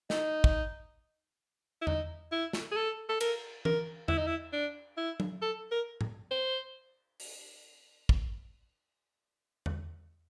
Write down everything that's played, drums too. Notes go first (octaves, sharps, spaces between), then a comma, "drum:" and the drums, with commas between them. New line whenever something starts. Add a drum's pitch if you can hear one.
D#4, drum: snare
drum: kick
E4
D#4, drum: tom E2
E4
drum: snare
G#4
A4
A4
A#4, drum: cymbal
A#4, drum: tom E3
E4, drum: tom E2
D#4
E4
D4
E4
drum: tom F#3
A4
A#4
drum: tom A2
C5
drum: open hi-hat
drum: kick
drum: tom E2